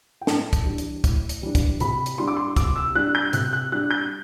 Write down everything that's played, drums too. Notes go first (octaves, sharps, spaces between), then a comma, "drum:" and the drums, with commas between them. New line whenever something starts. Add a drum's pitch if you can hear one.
G5
A2 A5, drum: snare
drum: kick, hi-hat
E3 G3 D4
drum: hi-hat
A2, drum: kick, hi-hat
drum: hi-hat
E3 G3 D4
drum: kick, hi-hat
C3 B5, drum: hi-hat
drum: hi-hat
G3 D4 C6
D6
C6
C3 D6, drum: kick, hi-hat
E6
G3 D4 F#6
G6
C3 F#6, drum: hi-hat
F#6
G3 D4 F#6
G6